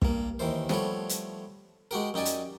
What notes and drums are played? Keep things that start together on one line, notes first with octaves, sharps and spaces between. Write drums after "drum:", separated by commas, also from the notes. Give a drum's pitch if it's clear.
G2 A#3, drum: kick
D#2 D#3 E3 C5
F3 G3 A3 B3 C#5, drum: snare
drum: hi-hat
G#3 F#4 G4 A#4
F#2 D#4 G4 D5 G#5
drum: hi-hat